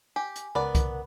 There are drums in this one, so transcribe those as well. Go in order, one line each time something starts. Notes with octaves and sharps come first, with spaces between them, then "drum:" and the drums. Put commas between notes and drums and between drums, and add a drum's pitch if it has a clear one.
G4 G#5
drum: hi-hat
C#2 B3 A#4 D5 F#5 B5
drum: kick C2, hi-hat